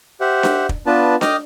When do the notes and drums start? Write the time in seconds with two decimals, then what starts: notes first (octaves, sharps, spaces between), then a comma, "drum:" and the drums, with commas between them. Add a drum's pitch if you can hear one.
0.21 G4 C5 E5 F#5
0.43 drum: snare D4
0.69 drum: kick
0.86 B3 D4 F4 B4 A5
1.21 D#5 G5 D6 D#6 F6, drum: snare D4